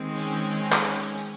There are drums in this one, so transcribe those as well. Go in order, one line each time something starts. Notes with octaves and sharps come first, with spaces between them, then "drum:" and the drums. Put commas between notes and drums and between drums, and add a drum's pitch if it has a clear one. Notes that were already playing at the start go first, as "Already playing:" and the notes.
Already playing: D#3 G#3 C4
C#4
drum: clap
drum: tambourine